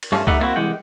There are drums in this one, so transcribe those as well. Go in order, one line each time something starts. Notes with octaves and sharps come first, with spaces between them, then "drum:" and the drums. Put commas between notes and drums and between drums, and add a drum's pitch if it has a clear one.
drum: cymbal
G2 F3 A3 C#4
G3 A3 D#4 E5 F#5, drum: kick
G3 A#3 C4 E4 F#4
C2 E3 G#3 F#5 G5